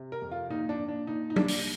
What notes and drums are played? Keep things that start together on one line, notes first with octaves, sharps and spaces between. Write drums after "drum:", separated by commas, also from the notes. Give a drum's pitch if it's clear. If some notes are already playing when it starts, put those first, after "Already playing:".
Already playing: C3
A#4
F2
F4
A#2 D#4
D4
A#2
D4
A#2 D#4
D#4
C2 D4, drum: tom F#3
drum: open hi-hat